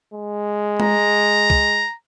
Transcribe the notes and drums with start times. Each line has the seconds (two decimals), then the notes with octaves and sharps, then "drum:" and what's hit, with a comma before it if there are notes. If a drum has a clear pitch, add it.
0.14 G#3
0.80 A#5, drum: tom G#3
1.50 drum: kick